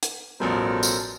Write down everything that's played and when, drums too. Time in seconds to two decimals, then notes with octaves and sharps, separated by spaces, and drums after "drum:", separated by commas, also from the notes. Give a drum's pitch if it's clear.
0.03 drum: hi-hat
0.40 A1 B2 F3 G3 A4 A#4 C5
0.83 drum: tambourine